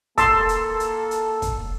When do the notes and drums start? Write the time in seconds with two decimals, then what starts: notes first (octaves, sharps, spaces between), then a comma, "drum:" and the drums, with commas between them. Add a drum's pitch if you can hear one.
0.18 A#3 A4 A5 C6 E6, drum: kick, hi-hat
0.49 drum: hi-hat
0.80 drum: hi-hat
1.11 drum: hi-hat
1.42 drum: kick, hi-hat